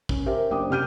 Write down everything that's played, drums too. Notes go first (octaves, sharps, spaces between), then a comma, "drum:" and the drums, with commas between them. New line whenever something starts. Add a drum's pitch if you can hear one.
C#4, drum: kick
G4 A#4 C5 E5
F#1 D4 C5 G5 D6 D#6
C3 G4 F6 G6 D#7